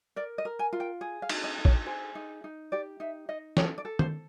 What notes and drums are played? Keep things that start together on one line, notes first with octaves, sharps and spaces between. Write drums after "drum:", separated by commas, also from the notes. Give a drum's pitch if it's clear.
A#4 D5
D#5
A#4
G#5
F4
G5
G#4
F5
D#4, drum: cymbal
D#5
D#4
C#5, drum: kick
G#4 C5
D#4
D#4
G4 D5
D#4 E5
D#4 D#5
A4 C#5, drum: snare
D5
A4
C5, drum: tom D#3